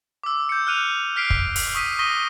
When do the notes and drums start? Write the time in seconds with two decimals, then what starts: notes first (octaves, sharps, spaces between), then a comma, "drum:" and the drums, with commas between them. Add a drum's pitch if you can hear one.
0.23 D6 E6
0.49 G6 C#7
0.67 F6 F#6 D#7 F7
1.16 F6 B6 C7 D7
1.30 drum: kick
1.56 drum: open hi-hat
1.75 C#6 D#6 B6 D#7
1.99 C#6 D#6 A#6 B6 D#7 G7